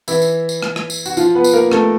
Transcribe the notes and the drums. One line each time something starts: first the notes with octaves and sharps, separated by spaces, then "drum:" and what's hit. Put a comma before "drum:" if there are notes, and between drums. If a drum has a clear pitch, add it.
E3 E4, drum: tambourine
drum: tambourine
drum: tambourine
drum: rim click
drum: rim click
drum: tambourine
F#4, drum: tambourine
F3 F4, drum: tambourine
B3 B4
drum: tambourine
A#3 A#4
A3 A4, drum: rim click